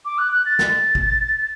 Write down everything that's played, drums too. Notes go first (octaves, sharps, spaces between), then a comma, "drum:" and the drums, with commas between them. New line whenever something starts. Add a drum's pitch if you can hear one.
D6
F#6
F#6
A6
drum: snare
drum: kick